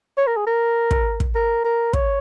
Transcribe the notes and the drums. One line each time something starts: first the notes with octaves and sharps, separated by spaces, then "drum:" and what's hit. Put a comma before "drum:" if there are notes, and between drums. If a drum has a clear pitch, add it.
C#5
A#4
G#4
A#4
drum: kick
drum: kick
A#4
A#4
C#5, drum: kick